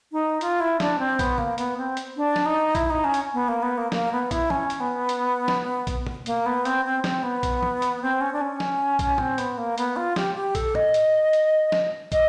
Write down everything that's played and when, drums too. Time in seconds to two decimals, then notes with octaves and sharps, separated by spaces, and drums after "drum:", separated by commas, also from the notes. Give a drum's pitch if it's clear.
0.12 D#4
0.41 F4, drum: hi-hat
0.60 E4
0.80 D4, drum: snare
0.99 C4
1.19 B3, drum: kick, hi-hat
1.38 A#3, drum: tom
1.58 B3, drum: hi-hat
1.77 C4
1.97 drum: hi-hat
2.16 D4
2.36 drum: snare
2.46 D#4
2.75 E4, drum: kick, hi-hat
2.90 D#4
3.04 C#4
3.14 drum: hi-hat
3.33 B3
3.48 A#3
3.62 B3
3.77 A#3
3.92 A#3, drum: snare
4.12 B3
4.31 E4, drum: kick, hi-hat
4.50 C#4, drum: tom
4.70 drum: hi-hat
4.80 B3
5.09 drum: hi-hat
5.48 drum: snare
5.87 drum: kick, hi-hat
6.07 drum: tom
6.26 A#3, drum: hi-hat
6.46 B3
6.65 C4, drum: hi-hat
6.85 C4
7.04 C4, drum: snare
7.23 B3
7.43 drum: kick, hi-hat
7.63 drum: tom
7.82 drum: hi-hat
8.02 C4
8.21 C#4
8.33 D4
8.41 C#4
8.60 drum: snare
8.99 drum: kick, hi-hat
9.18 C4, drum: tom
9.38 B3, drum: hi-hat
9.58 A#3
9.78 B3, drum: hi-hat
9.96 F4
10.16 G4, drum: snare
10.35 G4
10.55 A4, drum: kick, hi-hat
10.75 D#5, drum: tom
10.94 drum: hi-hat
11.33 drum: hi-hat
11.72 drum: snare
12.12 D#5, drum: kick, hi-hat